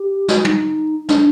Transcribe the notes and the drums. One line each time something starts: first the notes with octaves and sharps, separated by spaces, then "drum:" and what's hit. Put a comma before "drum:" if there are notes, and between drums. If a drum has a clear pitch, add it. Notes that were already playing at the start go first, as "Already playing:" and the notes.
Already playing: G4
F#4, drum: snare
D#4, drum: tom
D4, drum: snare